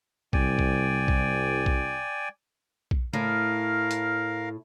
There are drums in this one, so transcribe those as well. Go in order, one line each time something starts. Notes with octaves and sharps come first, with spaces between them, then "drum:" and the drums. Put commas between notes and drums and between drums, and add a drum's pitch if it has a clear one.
C2 D5 G5 G#5, drum: kick
drum: kick
drum: kick
drum: kick
drum: kick
A2 A#4 F5, drum: tom C#3
drum: hi-hat